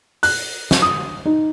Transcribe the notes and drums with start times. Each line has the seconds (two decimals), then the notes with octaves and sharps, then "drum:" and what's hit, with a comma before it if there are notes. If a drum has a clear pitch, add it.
0.23 F#6, drum: open hi-hat
0.71 drum: snare
0.82 D#6
1.26 D#4